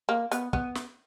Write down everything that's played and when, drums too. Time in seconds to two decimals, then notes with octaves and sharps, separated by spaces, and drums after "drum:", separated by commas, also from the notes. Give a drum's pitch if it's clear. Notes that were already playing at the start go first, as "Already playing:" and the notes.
0.09 A#3
0.32 B3, drum: hi-hat
0.53 B3, drum: kick
0.75 drum: snare